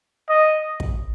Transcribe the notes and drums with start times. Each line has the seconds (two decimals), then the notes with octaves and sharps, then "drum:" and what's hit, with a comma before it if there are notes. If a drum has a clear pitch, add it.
0.29 D#5
0.80 drum: kick